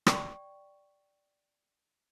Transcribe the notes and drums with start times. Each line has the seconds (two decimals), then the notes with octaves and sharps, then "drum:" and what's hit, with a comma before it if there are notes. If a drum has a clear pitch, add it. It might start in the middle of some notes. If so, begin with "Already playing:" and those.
0.07 D5 G5 C#6, drum: rim click